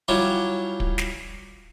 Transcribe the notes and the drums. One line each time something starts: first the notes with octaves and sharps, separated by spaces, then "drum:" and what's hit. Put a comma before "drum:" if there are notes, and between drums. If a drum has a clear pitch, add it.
F#3 G3 C#4 E4 F4
drum: kick
drum: snare